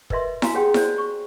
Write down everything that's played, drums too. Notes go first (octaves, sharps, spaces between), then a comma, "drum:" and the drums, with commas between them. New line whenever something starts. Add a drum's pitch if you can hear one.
A#4 B4 D#5 E5 C6, drum: kick
F#4 F5 G#5 A#5, drum: snare E4
G4 G#4 C#5 F#5 G5
F#4 C5 D5, drum: snare E4
C#6